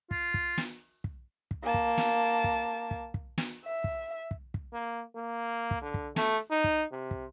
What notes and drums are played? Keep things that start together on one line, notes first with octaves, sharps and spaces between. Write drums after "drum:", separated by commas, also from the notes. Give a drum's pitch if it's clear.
F4, drum: kick
drum: kick
drum: snare
drum: kick
drum: kick
A#3 A5
drum: kick
drum: snare
drum: kick
drum: kick
drum: kick
drum: snare
E5
drum: kick
drum: kick
drum: kick
A#3
A#3
drum: kick
D3
drum: kick
A3, drum: snare
D#4
drum: kick
C3
drum: kick